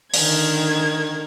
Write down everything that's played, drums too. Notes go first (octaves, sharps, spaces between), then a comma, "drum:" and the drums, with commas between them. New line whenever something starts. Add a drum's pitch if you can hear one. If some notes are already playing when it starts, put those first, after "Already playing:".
D3 D#3 G#6, drum: open hi-hat